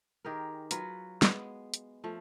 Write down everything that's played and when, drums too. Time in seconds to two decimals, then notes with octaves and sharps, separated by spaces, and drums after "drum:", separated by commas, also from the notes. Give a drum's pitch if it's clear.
0.25 D#3 G4 G#4 A#4
0.71 F#3 F4 F#4 B4, drum: hi-hat
1.22 G#3 B3, drum: snare
1.74 drum: hi-hat
2.04 F3 A3